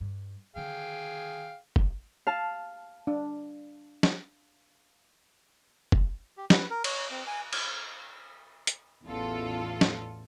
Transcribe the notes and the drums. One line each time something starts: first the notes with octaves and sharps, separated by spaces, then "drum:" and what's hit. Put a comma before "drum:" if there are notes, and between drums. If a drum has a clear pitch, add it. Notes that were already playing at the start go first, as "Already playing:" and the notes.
G2
D3 D#3 G#4 F5 G5
drum: kick
F5 A5
D4
drum: snare
drum: kick
G4
B4, drum: snare
A#4
C#5, drum: cymbal
C4
G#5
drum: cymbal
drum: hi-hat
A1 E2 F4 A4
drum: snare